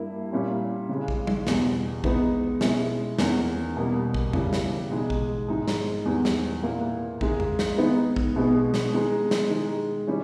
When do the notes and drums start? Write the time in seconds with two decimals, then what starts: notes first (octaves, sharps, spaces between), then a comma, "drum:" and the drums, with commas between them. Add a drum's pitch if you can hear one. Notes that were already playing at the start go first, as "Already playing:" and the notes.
Already playing: G2 G3 A#3 E4
0.32 A#2 G3 C#4 E4
0.89 C#3 G#3 C#4
1.08 drum: kick A#1
1.27 drum: tom G3
1.47 E2 B2 G3, drum: snare
2.04 D#3 G#3 B3 D#4, drum: kick A#1
2.61 B2 G#3 C#4 E4, drum: snare
3.19 E2 D#3 A#3 C#4, drum: snare
3.77 B2 G3 A#3
4.14 drum: kick A#1
4.33 C#3 E3 G3, drum: tom F2
4.53 drum: snare
4.91 B2 G#3 D#4
5.10 drum: kick A#1
5.48 G#2 D#3 G#3 D#4
5.68 drum: snare
6.05 E2 D#3 G3
6.25 drum: snare
6.63 A#2 A#3 E4
7.21 D#3 G#3 D#4, drum: kick A#1
7.40 drum: tom F2
7.59 drum: snare
7.78 D#3 G#3 B3 D#4
8.16 drum: kick A#1
8.36 B2 G#3 B3
8.74 drum: snare
8.93 D#3 G#3 D#4
9.31 drum: snare
9.50 D#3 G#3 D#4
10.08 D#3 G3 C#4